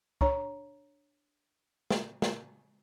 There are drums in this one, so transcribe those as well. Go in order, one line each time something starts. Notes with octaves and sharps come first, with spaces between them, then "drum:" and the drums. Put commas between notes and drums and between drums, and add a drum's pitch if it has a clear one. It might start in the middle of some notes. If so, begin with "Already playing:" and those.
D4 C#5 A#5 C#6, drum: kick
drum: snare
drum: snare